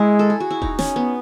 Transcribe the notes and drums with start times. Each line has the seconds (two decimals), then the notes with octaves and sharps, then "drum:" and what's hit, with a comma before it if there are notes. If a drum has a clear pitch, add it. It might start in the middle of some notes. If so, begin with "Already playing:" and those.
Already playing: G#3 E4 G#4
0.19 A4
0.30 G#4
0.40 F#4
0.51 E4
0.62 D#4, drum: kick E1
0.79 C#4, drum: snare
0.96 B3